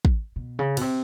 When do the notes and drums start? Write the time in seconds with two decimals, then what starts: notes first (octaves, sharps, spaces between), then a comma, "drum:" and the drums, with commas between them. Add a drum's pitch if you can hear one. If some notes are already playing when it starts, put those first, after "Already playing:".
0.05 drum: kick
0.36 B2
0.59 C#3
0.77 B2, drum: cymbal
0.81 C3